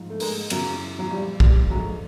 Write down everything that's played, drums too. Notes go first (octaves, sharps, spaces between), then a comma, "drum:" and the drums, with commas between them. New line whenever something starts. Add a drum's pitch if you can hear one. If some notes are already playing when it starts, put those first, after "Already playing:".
Already playing: G#2 F3
A3
G#3 A#3, drum: open hi-hat
F#2 C#3 E3 F#3, drum: cymbal
F#3
A#2 F3 G3
G3, drum: kick
F#2 D3 F3 F#3 G#3